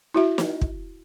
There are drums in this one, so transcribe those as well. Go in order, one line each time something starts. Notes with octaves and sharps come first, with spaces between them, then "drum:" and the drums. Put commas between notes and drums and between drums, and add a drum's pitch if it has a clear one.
E4 F#4 E5
drum: snare
drum: kick